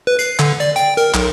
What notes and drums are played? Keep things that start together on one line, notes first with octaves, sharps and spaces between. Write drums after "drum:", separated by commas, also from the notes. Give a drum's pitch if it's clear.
B4
C7, drum: hi-hat
D3, drum: clap
D5, drum: hi-hat
G5, drum: hi-hat
A#4, drum: hi-hat
B1, drum: clap